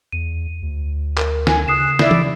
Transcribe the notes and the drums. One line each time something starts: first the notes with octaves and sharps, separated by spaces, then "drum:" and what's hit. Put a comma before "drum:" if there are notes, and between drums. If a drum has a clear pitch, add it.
E2 D#7
D2
A#4, drum: clap
G#5, drum: snare
C#3 D#6 F#6 C7 E7
E4 D5, drum: snare
drum: tom